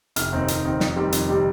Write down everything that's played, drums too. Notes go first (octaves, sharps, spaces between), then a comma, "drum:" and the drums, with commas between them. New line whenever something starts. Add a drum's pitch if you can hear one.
F1 F6, drum: hi-hat
D#2 D#3 C4 D#4
F1, drum: hi-hat
D#2 D#3 C4 D#4
F2, drum: snare
C3 D#3 G3 C4
F2, drum: hi-hat
C3 D#3 G3 C4